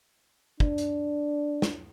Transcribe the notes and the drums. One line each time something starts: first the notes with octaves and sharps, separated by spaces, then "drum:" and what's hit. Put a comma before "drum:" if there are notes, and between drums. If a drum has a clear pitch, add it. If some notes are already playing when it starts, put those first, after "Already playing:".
D4, drum: kick
drum: hi-hat
drum: snare